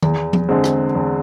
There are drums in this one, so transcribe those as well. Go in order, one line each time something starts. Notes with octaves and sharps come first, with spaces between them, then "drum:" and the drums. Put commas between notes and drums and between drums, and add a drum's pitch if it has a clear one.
E2, drum: tom D#3
drum: tom F3
D3 G#3 C4
drum: rim click
E2